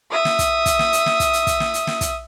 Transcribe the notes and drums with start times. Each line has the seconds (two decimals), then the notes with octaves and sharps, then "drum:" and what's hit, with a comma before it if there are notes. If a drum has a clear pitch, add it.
0.12 E5 D#6
0.25 drum: snare
0.39 drum: kick, hi-hat
0.66 drum: kick, hi-hat
0.79 drum: snare
0.93 drum: hi-hat
1.06 drum: snare
1.20 drum: kick, hi-hat
1.33 drum: hi-hat
1.47 drum: kick, hi-hat
1.60 drum: snare
1.74 drum: hi-hat
1.87 drum: snare
2.01 drum: kick, hi-hat